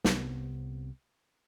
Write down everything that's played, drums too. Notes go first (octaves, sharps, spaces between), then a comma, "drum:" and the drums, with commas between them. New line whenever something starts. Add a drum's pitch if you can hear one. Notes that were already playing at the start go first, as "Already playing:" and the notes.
C2 C3 E3 B3, drum: snare